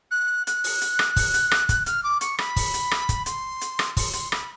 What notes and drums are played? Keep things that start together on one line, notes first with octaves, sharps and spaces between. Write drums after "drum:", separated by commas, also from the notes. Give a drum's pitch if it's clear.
F#6
F#6, drum: hi-hat
drum: open hi-hat
drum: hi-hat
drum: rim click
drum: kick, open hi-hat
drum: hi-hat
drum: rim click
drum: kick, hi-hat
F6, drum: hi-hat
D6
C#6, drum: hi-hat
B5, drum: rim click
drum: kick, open hi-hat
drum: hi-hat
drum: rim click
drum: kick, hi-hat
C6, drum: hi-hat
drum: hi-hat
drum: rim click
C6, drum: kick, open hi-hat
C6, drum: hi-hat
B5, drum: rim click